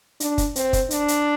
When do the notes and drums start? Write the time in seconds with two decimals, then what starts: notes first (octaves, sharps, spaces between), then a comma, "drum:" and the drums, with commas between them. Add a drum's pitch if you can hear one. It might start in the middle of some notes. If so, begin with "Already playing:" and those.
0.20 D4, drum: hi-hat
0.38 drum: kick, hi-hat
0.56 C4, drum: hi-hat
0.73 drum: kick, hi-hat
0.91 D4, drum: hi-hat
1.08 drum: hi-hat